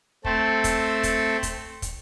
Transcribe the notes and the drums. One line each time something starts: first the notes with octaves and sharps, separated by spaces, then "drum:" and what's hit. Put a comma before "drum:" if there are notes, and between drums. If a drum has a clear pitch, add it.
A3 C4 A4, drum: kick
drum: kick, hi-hat
drum: kick, hi-hat
drum: kick, hi-hat
drum: kick, hi-hat